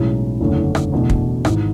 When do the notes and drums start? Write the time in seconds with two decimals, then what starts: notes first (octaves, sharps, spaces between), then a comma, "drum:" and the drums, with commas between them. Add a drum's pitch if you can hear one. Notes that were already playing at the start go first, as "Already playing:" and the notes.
Already playing: B1 A2 E3 G#3 C#4
0.40 F#1 E2 D3 A3 C#4
0.75 drum: rim click
0.92 E2 B2 A3 D4
1.10 drum: kick
1.45 G#1 G#2 E3, drum: rim click